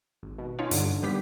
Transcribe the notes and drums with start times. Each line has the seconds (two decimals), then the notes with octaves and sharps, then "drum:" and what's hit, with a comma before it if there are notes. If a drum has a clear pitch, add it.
0.23 G#1
0.38 B2
0.59 C#4 D#4 F4 C#5
0.71 G2 D3, drum: hi-hat
1.02 D#2 G3 B3 G4 B6